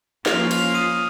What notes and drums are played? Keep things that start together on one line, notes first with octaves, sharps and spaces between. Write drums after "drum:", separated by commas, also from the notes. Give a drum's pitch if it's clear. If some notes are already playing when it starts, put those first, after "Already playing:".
F3 A#3 C#4 F4 F6 F7, drum: snare
F6 F7, drum: cymbal
D#6 D#7